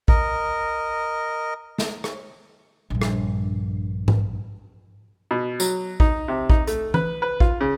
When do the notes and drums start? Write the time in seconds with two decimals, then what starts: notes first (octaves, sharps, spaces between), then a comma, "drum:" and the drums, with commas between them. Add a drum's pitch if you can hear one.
0.08 A#4 D#5, drum: kick A1
1.78 drum: snare
2.04 drum: rim click
2.90 A#1 G2
3.02 drum: rim click
4.08 drum: tom G#2
5.31 B2
5.60 F#3, drum: tambourine
6.00 D#4, drum: kick A1
6.28 C3
6.50 D#4, drum: kick A1
6.67 A3, drum: hi-hat
6.94 B4, drum: tom E3
7.22 B4
7.40 F4, drum: kick A1
7.61 C#3